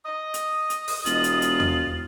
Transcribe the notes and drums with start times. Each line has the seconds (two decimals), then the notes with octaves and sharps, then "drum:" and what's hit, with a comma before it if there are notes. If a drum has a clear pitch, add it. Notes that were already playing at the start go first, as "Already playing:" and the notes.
0.05 D#5
0.34 drum: hi-hat
0.70 drum: hi-hat
0.88 drum: open hi-hat
1.06 E1 F4 F#7, drum: hi-hat
1.24 drum: hi-hat
1.42 drum: hi-hat
1.60 drum: tom E2